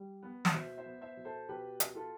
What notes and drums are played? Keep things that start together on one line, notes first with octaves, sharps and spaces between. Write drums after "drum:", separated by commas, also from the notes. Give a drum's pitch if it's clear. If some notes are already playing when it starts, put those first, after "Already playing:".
Already playing: G3
B3
drum: snare
B2 C5 E5
C5 E5
B3
C5 E5
B2
A4 C5
B2 G4 B4
B2, drum: hi-hat
F4 A4